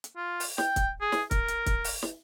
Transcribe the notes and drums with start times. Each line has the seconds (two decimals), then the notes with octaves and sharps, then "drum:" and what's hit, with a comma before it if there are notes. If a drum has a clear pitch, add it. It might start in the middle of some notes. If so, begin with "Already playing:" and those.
0.04 drum: hi-hat
0.17 F4
0.40 drum: open hi-hat
0.58 G5, drum: snare
0.76 drum: kick, hi-hat
1.01 G#4
1.12 drum: snare
1.31 A#4, drum: kick, hi-hat
1.48 drum: hi-hat
1.66 drum: kick, hi-hat
1.84 drum: open hi-hat
2.02 drum: snare